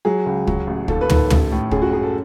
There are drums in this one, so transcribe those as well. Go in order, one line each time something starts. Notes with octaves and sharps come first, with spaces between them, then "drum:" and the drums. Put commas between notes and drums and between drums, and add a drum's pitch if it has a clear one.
F#3 G#4
C#2
F#3, drum: kick
A1
D#2 A4, drum: kick
B4
D#3 A4, drum: tom
A1, drum: tom
A2
F#2 G#4, drum: kick
F#4
F#2 G#4
A4